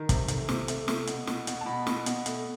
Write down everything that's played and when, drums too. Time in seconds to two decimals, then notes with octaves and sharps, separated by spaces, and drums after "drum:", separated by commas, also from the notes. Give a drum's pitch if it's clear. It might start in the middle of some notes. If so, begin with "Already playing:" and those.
Already playing: D#3
0.09 C3, drum: kick, hi-hat
0.28 A3, drum: hi-hat
0.49 C3, drum: snare
0.68 A3, drum: hi-hat
0.88 A3, drum: snare
1.07 B2, drum: hi-hat
1.27 B2, drum: snare
1.47 B2, drum: hi-hat
1.61 A5
1.66 B2 B5
1.87 B2, drum: snare
2.06 B2, drum: hi-hat
2.26 A3, drum: hi-hat